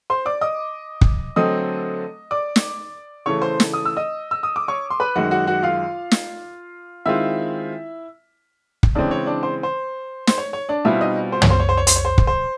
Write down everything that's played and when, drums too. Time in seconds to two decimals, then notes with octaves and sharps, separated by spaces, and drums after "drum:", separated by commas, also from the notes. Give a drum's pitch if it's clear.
0.10 C5 C6
0.26 D5 D6
0.41 D#5 D#6
1.01 drum: kick
1.36 D3 F#3 A3 C4 D#5 D#6
2.31 D5 D6
2.56 drum: snare
3.26 C#3 E3 A3 C#5 C#6
3.42 C5 C6
3.60 drum: snare
3.73 D#6
3.85 E6
3.97 D#5 D#6
4.31 E6
4.43 D#6
4.56 D6
4.68 C#5 C#6
4.90 C6
5.00 B4 B5
5.16 F#2 D#3 G#3 F#4 F#5
5.31 F#4 F#5
5.47 F#4 F#5
5.63 F4 F5
6.11 drum: snare
7.06 D#3 G#3 C4 E4 F4 E5
8.83 drum: kick
8.95 C#3 E3 G#3 C4 D4 D5
9.11 C#5
9.26 D4 D5
9.43 C5
9.63 C5
10.27 C5, drum: snare
10.38 C#5
10.53 C#5
10.69 D4 D5
10.85 B2 G3 C4 E4 F4 E5
11.01 D#4 D#5
11.32 C5
11.42 C#5, drum: tom
11.50 C5
11.60 C#5
11.69 C5
11.77 C#5
11.87 C5, drum: hi-hat
11.96 C#5
12.05 C5
12.18 drum: kick
12.27 C5